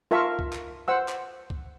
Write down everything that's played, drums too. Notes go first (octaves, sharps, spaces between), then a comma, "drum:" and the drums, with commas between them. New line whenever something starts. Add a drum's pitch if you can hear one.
F4 A#4 E5 A5 C#6
drum: kick C2
drum: clap
C5 F#5 E6
drum: clap
drum: kick C2